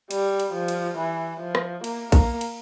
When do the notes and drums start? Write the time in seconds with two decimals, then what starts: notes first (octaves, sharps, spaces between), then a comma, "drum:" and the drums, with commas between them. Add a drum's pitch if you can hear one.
0.11 G3, drum: cymbal
0.40 drum: cymbal
0.54 F3
0.68 drum: cymbal
0.98 E3
1.40 F3
1.55 drum: rim click
1.84 A#3, drum: cymbal
2.12 A#3, drum: kick A#1, cymbal
2.41 drum: cymbal